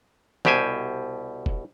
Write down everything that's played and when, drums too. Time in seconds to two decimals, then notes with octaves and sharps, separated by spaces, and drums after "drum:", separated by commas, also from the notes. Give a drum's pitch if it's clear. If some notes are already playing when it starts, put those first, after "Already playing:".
0.45 C2 B2 G4 C5 G#5, drum: snare
1.46 drum: kick